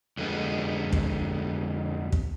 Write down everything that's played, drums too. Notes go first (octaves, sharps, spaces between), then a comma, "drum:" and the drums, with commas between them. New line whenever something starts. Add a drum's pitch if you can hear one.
F2 D3 G#3 B3
drum: kick
drum: kick